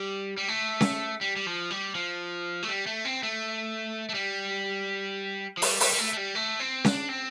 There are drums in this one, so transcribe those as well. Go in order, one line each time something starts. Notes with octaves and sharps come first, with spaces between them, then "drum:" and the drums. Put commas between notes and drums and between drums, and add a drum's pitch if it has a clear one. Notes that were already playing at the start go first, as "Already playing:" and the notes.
Already playing: G3
G3
A3
drum: snare C#4
G3
G3
F3
G3
F3
A3
G3
A3
C4
A3
A3
G3
F3
G3, drum: open hi-hat
G3, drum: open hi-hat
G3
A3
A3
G3
A3
C4
D4, drum: snare C#4
C4